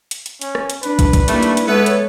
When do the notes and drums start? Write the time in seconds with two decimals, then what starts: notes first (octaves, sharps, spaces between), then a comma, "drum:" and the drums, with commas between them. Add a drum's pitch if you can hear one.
0.11 drum: hi-hat
0.26 drum: hi-hat
0.41 C#4, drum: hi-hat
0.55 drum: rim click
0.70 drum: hi-hat
0.83 D4 B4, drum: hi-hat
0.99 drum: kick, hi-hat
1.13 drum: kick, hi-hat
1.28 D#3 G3 A3 A#3 D4 E4, drum: hi-hat
1.43 drum: hi-hat
1.57 drum: hi-hat
1.68 G#3 B3 A4 B4 C#5 E5
1.86 drum: hi-hat